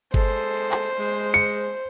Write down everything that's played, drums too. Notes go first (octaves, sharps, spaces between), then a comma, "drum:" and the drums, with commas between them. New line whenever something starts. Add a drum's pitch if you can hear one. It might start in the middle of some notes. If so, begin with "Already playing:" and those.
G#3 A4 C5, drum: kick G1
drum: clap
G#3
C#7, drum: hi-hat